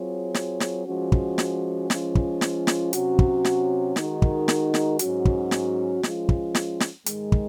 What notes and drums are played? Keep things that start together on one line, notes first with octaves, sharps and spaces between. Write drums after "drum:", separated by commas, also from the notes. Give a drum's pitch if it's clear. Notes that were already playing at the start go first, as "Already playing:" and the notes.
Already playing: F#3 C4 F4 G#4 C#5
drum: snare
drum: snare
F3 G#3 C#4 F#4
drum: kick
drum: snare
F3 G#3 C#4 F4, drum: snare
drum: kick
drum: snare
drum: snare
C3 F#3 C#4 F#4, drum: hi-hat
drum: kick
drum: snare
D#3 G#3 D#4 F#4 A#4, drum: snare
drum: kick
drum: snare
drum: snare
G#2 F#3 C#4 F#4, drum: hi-hat
drum: kick
drum: snare
F3 G#3 C#4 F4, drum: snare
drum: kick
drum: snare
drum: snare
G#2 D#3 G#3, drum: hi-hat
drum: kick